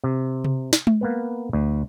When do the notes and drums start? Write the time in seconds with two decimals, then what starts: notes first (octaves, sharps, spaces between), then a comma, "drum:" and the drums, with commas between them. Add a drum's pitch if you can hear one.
0.04 C3
0.44 drum: tom C3
0.73 drum: snare
0.87 drum: tom G#3
1.01 A#3 B3 B4
1.53 D2